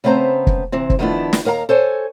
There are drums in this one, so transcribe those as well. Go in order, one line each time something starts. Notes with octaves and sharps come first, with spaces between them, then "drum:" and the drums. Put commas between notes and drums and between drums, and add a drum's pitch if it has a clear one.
C#3 A3 B3 C4 C5 A#5
drum: kick
C3 E3 C4
drum: kick
D#3 F3 A3 B3 D4 E4
drum: snare
D#2 A#4 F5 F#5 A#5
A4 C5 C#5 G#5